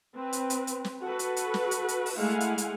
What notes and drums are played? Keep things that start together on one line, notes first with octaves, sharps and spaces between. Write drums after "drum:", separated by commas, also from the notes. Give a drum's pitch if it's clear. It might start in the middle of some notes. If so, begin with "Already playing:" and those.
C4 B4
drum: hi-hat
drum: hi-hat
drum: hi-hat
drum: snare
F#4 A4 B4
drum: hi-hat
drum: hi-hat
drum: snare
drum: hi-hat
drum: hi-hat
drum: open hi-hat
G#3 A3 E4 F5 F#5 G#5
drum: hi-hat
drum: hi-hat